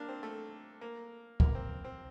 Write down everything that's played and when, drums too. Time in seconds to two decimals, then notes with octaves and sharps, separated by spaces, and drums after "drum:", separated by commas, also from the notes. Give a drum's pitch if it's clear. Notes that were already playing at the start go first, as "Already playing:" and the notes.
Already playing: A#3 D4
0.08 C4
0.23 A3
0.81 A#3
1.40 A#3, drum: kick
1.55 C4
1.84 C4